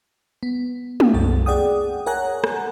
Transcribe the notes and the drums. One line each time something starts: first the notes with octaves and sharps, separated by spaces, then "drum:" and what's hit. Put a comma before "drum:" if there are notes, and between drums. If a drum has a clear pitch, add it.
B3
drum: tom
C2 F#2 A4
G#4 D5 F#5 G5 D#6
A#4 C#5 F#5 G#5 A#5 F#6
drum: rim click